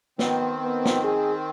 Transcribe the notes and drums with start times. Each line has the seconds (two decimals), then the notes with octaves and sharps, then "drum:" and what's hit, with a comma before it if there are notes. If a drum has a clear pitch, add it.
0.19 D#3 B3 C4, drum: snare
0.62 B3
0.85 drum: snare
1.04 G#4